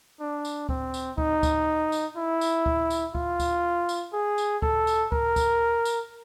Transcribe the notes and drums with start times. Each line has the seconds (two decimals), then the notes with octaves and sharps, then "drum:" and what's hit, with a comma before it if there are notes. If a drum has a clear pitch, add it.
0.20 D4
0.45 drum: tambourine
0.69 C4, drum: kick D2
0.94 drum: tambourine
1.18 D#4, drum: kick D2
1.43 drum: kick D2, tambourine
1.92 drum: tambourine
2.17 E4
2.41 drum: tambourine
2.66 drum: kick D2
2.90 drum: tambourine
3.15 F4, drum: kick D2
3.40 drum: kick D2, tambourine
3.89 drum: tambourine
4.13 G#4
4.38 drum: tambourine
4.62 A4, drum: kick D2
4.87 drum: tambourine
5.12 A#4, drum: kick D2
5.36 drum: kick D2, tambourine
5.85 drum: tambourine